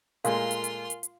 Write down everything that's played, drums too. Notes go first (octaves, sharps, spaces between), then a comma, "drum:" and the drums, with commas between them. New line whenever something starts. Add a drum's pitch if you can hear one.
A#2 G#3 A3 F4 A#4 F5 G#5 C6, drum: hi-hat
drum: hi-hat
drum: hi-hat
drum: hi-hat
drum: hi-hat